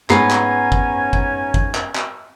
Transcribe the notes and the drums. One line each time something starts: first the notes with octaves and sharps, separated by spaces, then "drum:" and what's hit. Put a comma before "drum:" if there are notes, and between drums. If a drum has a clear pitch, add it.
G#2 B3 C#4 G#5 A#5 C7, drum: clap
drum: clap
drum: kick G1
drum: kick G1
drum: kick G1
drum: clap
drum: clap